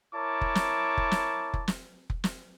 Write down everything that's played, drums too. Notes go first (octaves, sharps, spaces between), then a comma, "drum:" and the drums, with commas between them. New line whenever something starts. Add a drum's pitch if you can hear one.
E4 A#4 C#5 A5 D6
drum: kick F1
drum: snare
drum: kick F1
drum: snare
drum: kick F1
drum: snare
drum: kick F1
drum: snare